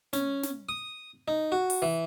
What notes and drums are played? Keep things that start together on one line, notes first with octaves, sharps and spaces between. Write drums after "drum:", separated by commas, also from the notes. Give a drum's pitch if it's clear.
C#4, drum: snare
drum: snare
D#6
D#4
F#4
drum: open hi-hat
E3